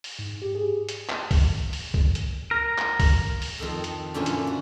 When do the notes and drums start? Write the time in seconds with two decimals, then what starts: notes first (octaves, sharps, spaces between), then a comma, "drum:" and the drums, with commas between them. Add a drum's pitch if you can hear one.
0.04 drum: open hi-hat
0.19 G#2
0.42 G4
0.55 G#4
0.89 drum: hi-hat
1.10 drum: clap
1.31 drum: kick C2, open hi-hat
1.73 drum: open hi-hat
1.94 drum: kick C2
2.15 drum: hi-hat
2.51 A#4
2.78 drum: clap
3.00 drum: kick C2, open hi-hat
3.42 drum: open hi-hat
3.58 F2 D#3 A4 A#5
3.84 drum: hi-hat
4.14 F#2 A#2 D3 E3 F3 C#4
4.26 drum: hi-hat
4.47 F#4